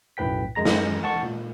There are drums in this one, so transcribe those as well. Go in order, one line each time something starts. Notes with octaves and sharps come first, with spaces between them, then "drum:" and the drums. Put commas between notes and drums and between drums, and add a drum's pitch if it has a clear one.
B1 F#2 A2 B4 G5 B6
F#2 G#3 A#5 A#6
drum: snare
F#5 A5 C#6
A#2